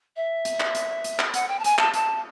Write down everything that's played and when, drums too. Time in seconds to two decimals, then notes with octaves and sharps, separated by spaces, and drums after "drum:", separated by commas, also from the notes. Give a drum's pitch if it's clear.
0.16 E5
0.45 drum: hi-hat
0.60 drum: clap
0.75 drum: hi-hat
1.04 drum: hi-hat
1.19 drum: clap
1.34 F#5, drum: hi-hat
1.48 G5
1.59 A5
1.64 G#5, drum: hi-hat
1.78 A5, drum: clap
1.94 A5, drum: hi-hat